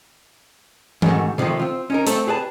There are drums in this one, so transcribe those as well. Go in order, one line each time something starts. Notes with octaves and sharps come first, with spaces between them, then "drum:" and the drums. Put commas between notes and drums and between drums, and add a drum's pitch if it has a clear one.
G#2 D#3 A3 F#4, drum: tom E3
C3 D#3 F3 G#3 A3
C4 F4
C#4 D#4 A#4
A3 C4 A4, drum: hi-hat
G4 G#4 B4 D5 A5